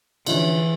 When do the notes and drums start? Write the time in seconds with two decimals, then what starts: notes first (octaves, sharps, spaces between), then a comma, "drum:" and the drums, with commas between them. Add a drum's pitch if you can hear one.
0.27 D3 E3 F3 C#4 E4, drum: cymbal